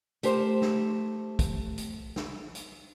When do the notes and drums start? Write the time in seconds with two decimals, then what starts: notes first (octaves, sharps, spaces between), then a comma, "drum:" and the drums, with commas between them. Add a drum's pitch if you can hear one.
0.23 A3 G4 A#4 C5, drum: hi-hat
0.62 drum: snare
1.39 drum: kick, hi-hat
1.78 drum: hi-hat
2.16 drum: snare
2.55 drum: hi-hat